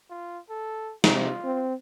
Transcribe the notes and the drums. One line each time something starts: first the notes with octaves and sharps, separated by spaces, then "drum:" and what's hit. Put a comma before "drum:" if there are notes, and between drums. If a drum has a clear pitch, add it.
F4
A4
C3 F4, drum: snare
C4